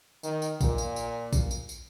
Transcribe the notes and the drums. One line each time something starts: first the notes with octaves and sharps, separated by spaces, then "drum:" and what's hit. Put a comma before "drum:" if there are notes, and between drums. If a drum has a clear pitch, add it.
D#3, drum: tambourine
drum: tambourine
A#2, drum: kick A#1, tambourine
drum: tambourine
drum: tambourine
drum: kick A#1, tambourine
drum: tambourine
drum: tambourine